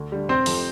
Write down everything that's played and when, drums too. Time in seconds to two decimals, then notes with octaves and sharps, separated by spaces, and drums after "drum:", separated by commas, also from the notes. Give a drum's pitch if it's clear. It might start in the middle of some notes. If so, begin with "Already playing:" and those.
Already playing: D2
0.12 D3 G3
0.29 F1 C4 C5
0.46 F2 C3 F3, drum: open hi-hat